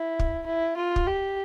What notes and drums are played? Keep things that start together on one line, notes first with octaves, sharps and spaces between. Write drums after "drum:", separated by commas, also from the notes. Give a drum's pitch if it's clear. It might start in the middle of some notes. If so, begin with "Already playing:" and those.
Already playing: E4
drum: kick
E4
F4
drum: kick
G4